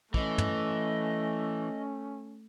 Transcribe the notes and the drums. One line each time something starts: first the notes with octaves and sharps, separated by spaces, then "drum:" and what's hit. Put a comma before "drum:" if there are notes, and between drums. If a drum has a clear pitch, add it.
E3 A3 C#4 D#5, drum: kick
drum: tom